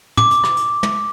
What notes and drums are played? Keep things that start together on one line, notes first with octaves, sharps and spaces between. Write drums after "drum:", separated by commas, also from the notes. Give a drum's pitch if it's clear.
D6, drum: tom
drum: hi-hat
drum: rim click
drum: hi-hat
drum: tom